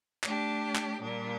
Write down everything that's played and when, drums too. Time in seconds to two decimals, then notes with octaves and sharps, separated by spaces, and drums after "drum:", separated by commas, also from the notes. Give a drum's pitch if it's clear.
0.24 A3 D4 G4, drum: clap
0.76 drum: clap
1.01 A#2 G3 D4